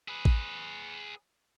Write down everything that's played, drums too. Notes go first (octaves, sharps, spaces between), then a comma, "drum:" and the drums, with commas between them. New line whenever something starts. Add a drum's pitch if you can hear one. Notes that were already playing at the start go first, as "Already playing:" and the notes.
G#4 B4
drum: kick A1